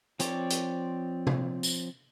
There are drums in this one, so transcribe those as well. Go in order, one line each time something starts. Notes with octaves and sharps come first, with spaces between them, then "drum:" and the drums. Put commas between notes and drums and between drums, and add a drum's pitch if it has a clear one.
F3 C4 C#5 D5, drum: hi-hat
drum: hi-hat
drum: tom
drum: tambourine